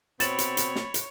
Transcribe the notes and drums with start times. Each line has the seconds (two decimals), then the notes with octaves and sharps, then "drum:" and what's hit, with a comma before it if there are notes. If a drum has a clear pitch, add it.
0.20 B2 B3 C4 C#5 B5 A6 E7 F#7, drum: hi-hat
0.39 drum: hi-hat
0.57 drum: hi-hat
0.76 drum: snare
0.94 drum: hi-hat